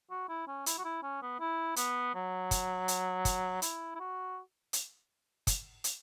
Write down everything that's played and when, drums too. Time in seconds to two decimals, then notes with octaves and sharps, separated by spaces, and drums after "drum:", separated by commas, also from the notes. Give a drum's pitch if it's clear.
0.11 F#4
0.29 E4
0.47 C#4
0.66 E4, drum: hi-hat
0.78 F#4
0.84 E4
1.03 C#4
1.22 B3
1.40 E4
1.76 B3, drum: hi-hat
2.15 F#3
2.51 drum: kick, hi-hat
2.88 drum: hi-hat
3.25 drum: kick, hi-hat
3.62 E4, drum: hi-hat
3.95 E4
4.00 F#4
4.73 drum: hi-hat
5.47 drum: kick, hi-hat
5.84 drum: hi-hat